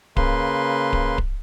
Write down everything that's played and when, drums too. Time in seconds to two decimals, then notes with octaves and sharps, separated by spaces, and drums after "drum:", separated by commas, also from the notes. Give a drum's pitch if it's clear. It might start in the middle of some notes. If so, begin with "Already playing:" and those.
0.17 C#3 A#3 B4 C6, drum: kick D1
0.93 drum: kick D1
1.18 drum: kick D1